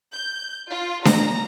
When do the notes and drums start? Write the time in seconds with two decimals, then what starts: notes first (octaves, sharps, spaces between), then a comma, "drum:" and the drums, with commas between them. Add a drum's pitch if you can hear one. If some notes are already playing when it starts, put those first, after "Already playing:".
0.14 G6
0.70 F4
1.05 A#5, drum: snare D4